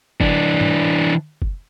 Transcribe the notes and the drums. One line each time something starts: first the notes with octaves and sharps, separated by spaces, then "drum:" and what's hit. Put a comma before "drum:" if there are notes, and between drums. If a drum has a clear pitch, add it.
E3 D4, drum: kick
drum: tom G#2
drum: kick